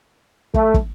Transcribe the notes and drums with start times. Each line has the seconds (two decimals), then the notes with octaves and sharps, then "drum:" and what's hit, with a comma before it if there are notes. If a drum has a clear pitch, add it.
0.54 A3, drum: kick
0.74 drum: kick